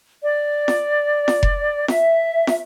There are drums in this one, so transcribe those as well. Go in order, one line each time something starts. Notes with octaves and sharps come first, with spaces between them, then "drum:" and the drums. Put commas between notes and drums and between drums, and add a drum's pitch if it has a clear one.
D5
drum: snare
drum: snare
drum: kick F1
E5, drum: snare
drum: snare